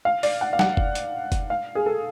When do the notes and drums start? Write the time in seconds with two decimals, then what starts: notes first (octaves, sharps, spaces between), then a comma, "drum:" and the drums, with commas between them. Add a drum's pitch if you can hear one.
0.05 F5
0.23 D5, drum: open hi-hat
0.41 F#5
0.53 F5
0.59 F#5, drum: snare
0.77 drum: kick F#1
0.95 drum: hi-hat
1.32 drum: kick F#1, hi-hat
1.50 F5
1.75 G#4
1.86 A4